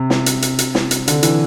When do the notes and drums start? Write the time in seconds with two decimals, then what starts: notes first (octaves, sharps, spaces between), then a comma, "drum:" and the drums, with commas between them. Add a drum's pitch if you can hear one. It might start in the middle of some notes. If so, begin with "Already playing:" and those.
Already playing: C3
0.10 drum: snare
0.26 drum: hi-hat
0.42 drum: hi-hat
0.59 drum: hi-hat
0.75 drum: snare
0.91 drum: hi-hat
1.08 D3, drum: hi-hat
1.23 E3, drum: hi-hat